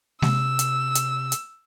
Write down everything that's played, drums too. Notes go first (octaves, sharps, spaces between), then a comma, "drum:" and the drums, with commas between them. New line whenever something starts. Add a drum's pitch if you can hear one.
C3 E6, drum: snare G#3
drum: hi-hat
drum: hi-hat
drum: hi-hat